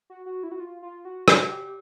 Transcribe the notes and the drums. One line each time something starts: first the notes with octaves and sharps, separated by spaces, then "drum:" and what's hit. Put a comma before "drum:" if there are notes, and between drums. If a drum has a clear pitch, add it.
F#4
F#4
E4
F#4
F4
F4
F#4
F#4, drum: rim click
G4